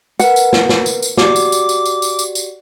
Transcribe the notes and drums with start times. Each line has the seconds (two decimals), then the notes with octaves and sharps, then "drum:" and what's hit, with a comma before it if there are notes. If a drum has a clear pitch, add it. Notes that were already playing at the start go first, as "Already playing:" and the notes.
0.19 A#4 B4 F#5, drum: tambourine
0.36 drum: tambourine
0.53 drum: snare
0.69 drum: snare
0.86 drum: tambourine
1.03 drum: tambourine
1.17 F#4 G4 D5 D6, drum: snare
1.36 drum: tambourine
1.52 drum: tambourine
1.69 drum: tambourine
1.86 drum: tambourine
2.02 drum: tambourine
2.19 drum: tambourine
2.35 drum: tambourine